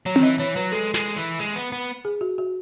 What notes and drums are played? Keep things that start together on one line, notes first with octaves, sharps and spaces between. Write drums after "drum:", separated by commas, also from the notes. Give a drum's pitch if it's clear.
F#3 C#5
D#3, drum: tom C4
E3 D#5
E3 C#5
F#3 B4
G#3 A4
G#3, drum: snare
E3
G#3
B3
B3
G#4
F#4
F#4